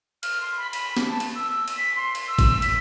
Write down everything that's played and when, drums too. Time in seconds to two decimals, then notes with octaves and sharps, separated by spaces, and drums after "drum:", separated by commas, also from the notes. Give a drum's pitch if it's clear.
0.23 F6, drum: cymbal
0.41 C6
0.57 B5
0.73 B5, drum: cymbal
0.97 drum: snare B3
1.08 A5
1.20 drum: cymbal
1.35 E6
1.51 E6
1.68 drum: cymbal
1.77 B6
1.96 C6
2.15 drum: cymbal
2.27 E6
2.39 drum: kick G#1, cymbal
2.62 B6, drum: cymbal